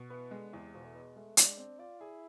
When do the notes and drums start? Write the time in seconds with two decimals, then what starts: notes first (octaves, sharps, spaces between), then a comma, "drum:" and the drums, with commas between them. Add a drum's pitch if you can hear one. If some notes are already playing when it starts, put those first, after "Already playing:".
Already playing: B2
0.10 E3 B3
0.31 D3 G#3
0.53 E2 C3
0.74 B2 F3
0.85 A3
0.95 G#3 B3
1.16 G#3 A3
1.37 G#3 D4, drum: hi-hat
1.57 C4 D4
1.79 F4 D5
2.00 E4 G#4